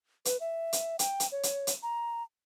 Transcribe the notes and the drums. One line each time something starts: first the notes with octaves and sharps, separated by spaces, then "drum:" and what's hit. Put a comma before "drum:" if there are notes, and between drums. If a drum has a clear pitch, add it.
B4, drum: hi-hat
E5
drum: hi-hat
G5, drum: hi-hat
drum: hi-hat
C#5
drum: hi-hat
drum: hi-hat
A#5